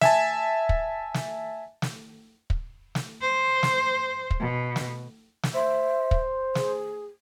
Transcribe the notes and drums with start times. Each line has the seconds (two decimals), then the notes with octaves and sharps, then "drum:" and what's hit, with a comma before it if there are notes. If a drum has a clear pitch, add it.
0.01 E5 G#5 A5, drum: snare
0.69 drum: kick
1.14 drum: snare
1.82 drum: snare
2.50 drum: kick
2.95 drum: snare
3.21 C5
3.63 drum: snare
4.31 drum: kick
4.40 B2
4.76 drum: snare
5.43 drum: snare
5.54 C5 E5
6.11 drum: kick
6.55 G#4, drum: snare